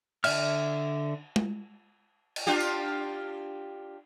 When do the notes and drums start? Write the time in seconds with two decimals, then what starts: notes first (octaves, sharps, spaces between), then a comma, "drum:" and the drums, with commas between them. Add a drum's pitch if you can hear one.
0.24 D3 D5 E5 F6, drum: cymbal
1.36 drum: tom G#3
2.36 drum: cymbal
2.47 D4 F4 G4
2.60 drum: tambourine